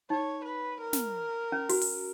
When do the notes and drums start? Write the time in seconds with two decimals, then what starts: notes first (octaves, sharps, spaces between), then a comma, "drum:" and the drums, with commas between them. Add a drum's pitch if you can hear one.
0.10 D#4 C#5
0.45 B4
0.81 A#4
0.93 drum: snare
1.52 C#4
1.69 F#4, drum: open hi-hat
1.81 drum: open hi-hat